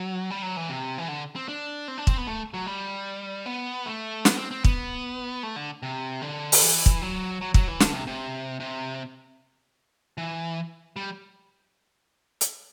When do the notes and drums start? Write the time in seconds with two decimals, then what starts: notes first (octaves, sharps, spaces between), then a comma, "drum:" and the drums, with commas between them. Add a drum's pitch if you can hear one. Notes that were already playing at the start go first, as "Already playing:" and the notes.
Already playing: F#3
0.30 G3
0.42 F#3
0.57 E3
0.70 C3
0.98 E3
1.08 D3
1.36 C4
1.48 D4
1.88 C4
1.98 D4
2.07 C4, drum: kick
2.18 B3
2.27 A3
2.54 F#3
2.66 G3
3.46 B3
3.86 A3
4.25 B3, drum: snare
4.37 C4
4.51 C4
4.64 B3, drum: kick
5.43 A3
5.56 D3
5.83 C3
6.22 D3
6.52 drum: open hi-hat
6.61 E3
6.86 drum: kick
7.02 F#3
7.41 F#3
7.54 F#3, drum: kick
7.68 E3
7.80 D3, drum: snare
7.93 C3
8.07 C3
8.60 C3
10.18 E3
10.96 G3
12.41 drum: hi-hat